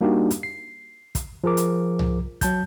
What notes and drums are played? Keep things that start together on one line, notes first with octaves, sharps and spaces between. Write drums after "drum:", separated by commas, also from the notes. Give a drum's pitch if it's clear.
G3 A#3 D4 D#4 F#4 G4
drum: hi-hat
C7
drum: kick, hi-hat
F3 G#4 A#4 D6
drum: hi-hat
drum: tom C2
F#3 A5 G6, drum: kick, hi-hat